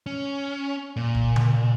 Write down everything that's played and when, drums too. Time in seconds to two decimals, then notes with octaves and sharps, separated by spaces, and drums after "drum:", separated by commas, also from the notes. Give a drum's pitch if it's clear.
0.06 C#4
0.96 A#2
1.15 drum: kick E1
1.36 drum: tom C#3